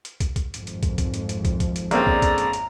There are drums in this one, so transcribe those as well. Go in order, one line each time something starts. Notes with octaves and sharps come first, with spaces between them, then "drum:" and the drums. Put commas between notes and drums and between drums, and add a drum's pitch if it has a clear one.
drum: hi-hat
drum: kick, hi-hat
drum: kick, hi-hat
G#1 F2, drum: hi-hat
drum: hi-hat
drum: kick, hi-hat
drum: kick, hi-hat
drum: hi-hat
drum: hi-hat
drum: kick, hi-hat
drum: kick, hi-hat
drum: hi-hat
A1 D3 A#3 C4 G#4 D5 A#5, drum: hi-hat
drum: kick
drum: kick, hi-hat
drum: hi-hat
drum: hi-hat